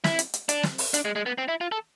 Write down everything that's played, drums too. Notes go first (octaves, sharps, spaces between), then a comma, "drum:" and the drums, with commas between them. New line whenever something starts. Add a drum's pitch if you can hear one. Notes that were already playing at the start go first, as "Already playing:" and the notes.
E4, drum: snare
drum: hi-hat
drum: hi-hat
D4, drum: hi-hat
drum: snare
drum: open hi-hat
D4, drum: hi-hat
G#3
G#3
B3
C4
E4
F4
A4